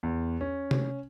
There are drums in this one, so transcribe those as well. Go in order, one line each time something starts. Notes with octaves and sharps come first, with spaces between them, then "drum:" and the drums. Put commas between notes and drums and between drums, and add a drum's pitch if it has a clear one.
E2
C#4
drum: tom C3